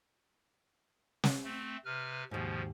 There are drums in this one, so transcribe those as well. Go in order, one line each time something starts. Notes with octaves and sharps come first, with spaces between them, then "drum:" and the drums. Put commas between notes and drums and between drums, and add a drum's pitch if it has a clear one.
drum: snare
A3 C4
C3 B4 F6
D#2 G#2 B2 F3